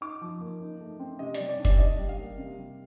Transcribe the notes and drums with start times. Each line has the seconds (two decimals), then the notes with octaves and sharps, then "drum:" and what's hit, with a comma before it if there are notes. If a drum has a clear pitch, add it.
0.01 D#4 D6
0.21 F3
0.40 A#3
0.61 D#4
0.80 A3
1.00 C4
1.19 C3 D#5
1.35 D5, drum: hi-hat
1.40 G3
1.49 D5
1.59 D4
1.65 D5, drum: kick F#1, hi-hat
1.78 D4 D#5
1.99 G3
2.09 F5
2.19 A#3
2.38 C3
2.58 G3